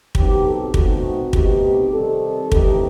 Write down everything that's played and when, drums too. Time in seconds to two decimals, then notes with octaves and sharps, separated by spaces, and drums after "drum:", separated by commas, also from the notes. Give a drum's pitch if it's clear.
0.15 B2 F#3 C4 D#4 G4, drum: kick
0.44 A4
0.74 B2 A3 C4 D#4 F#4, drum: kick
1.33 B2 A3 C4 D#4 G4, drum: kick
1.92 C3 D#3 G3 C4 A4
2.52 G2 E3 A3 C4 D#4 G4, drum: kick